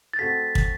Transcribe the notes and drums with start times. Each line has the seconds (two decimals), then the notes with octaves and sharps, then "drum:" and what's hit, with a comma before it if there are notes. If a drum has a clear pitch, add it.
0.13 A6
0.19 A3 C4 F#4 A4 B6
0.55 drum: kick